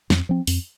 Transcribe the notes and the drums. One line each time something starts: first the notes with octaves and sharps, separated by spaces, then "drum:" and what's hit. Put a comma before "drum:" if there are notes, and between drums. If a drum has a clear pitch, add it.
F2, drum: snare
F3 C4
F2, drum: open hi-hat